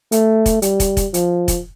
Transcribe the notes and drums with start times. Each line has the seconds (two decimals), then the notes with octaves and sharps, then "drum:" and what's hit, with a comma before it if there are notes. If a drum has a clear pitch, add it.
0.12 A3, drum: hi-hat
0.46 drum: kick, hi-hat
0.62 G3, drum: hi-hat
0.80 drum: kick, hi-hat
0.97 drum: kick, hi-hat
1.14 F3, drum: hi-hat
1.48 drum: kick, hi-hat